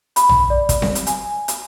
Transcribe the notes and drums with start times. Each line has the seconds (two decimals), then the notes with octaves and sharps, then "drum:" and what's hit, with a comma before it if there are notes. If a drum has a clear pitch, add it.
0.16 B5, drum: hi-hat
0.29 drum: tom A#1
0.50 D5
0.69 drum: kick, hi-hat
0.82 drum: snare C4
0.95 drum: hi-hat
1.07 G#5, drum: hi-hat
1.48 drum: hi-hat